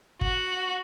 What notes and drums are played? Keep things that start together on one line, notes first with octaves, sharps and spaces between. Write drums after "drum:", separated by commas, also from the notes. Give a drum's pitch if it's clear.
F#4, drum: kick